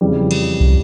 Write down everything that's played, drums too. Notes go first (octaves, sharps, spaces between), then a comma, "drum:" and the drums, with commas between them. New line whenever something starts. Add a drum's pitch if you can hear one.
F2 C#3 E3 G3
drum: cymbal
drum: kick